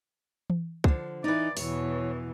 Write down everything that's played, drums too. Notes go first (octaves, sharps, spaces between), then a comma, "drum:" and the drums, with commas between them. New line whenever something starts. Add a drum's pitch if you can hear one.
drum: tom E3
D3 F3, drum: kick C#2
E3 D#4 D5
E2 B2 E3 C#5, drum: open hi-hat